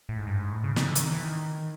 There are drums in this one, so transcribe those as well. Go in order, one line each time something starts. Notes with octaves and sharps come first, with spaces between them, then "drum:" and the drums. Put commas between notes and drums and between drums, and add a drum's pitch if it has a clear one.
A2
G#2
G2
G#2
A2
C#3
C#3, drum: snare
D3
E3, drum: hi-hat
D#3
E3
D#3